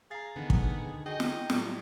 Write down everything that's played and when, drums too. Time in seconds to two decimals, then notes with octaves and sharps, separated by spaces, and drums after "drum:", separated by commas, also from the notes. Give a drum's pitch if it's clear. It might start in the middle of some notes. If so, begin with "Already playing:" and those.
0.11 G#4 F5 A#5 A6
0.36 D3 D#3 B3
0.50 drum: kick
1.06 D#4 F#4 G#4 D#5 G5
1.20 drum: snare
1.50 A2 F#3 G3, drum: snare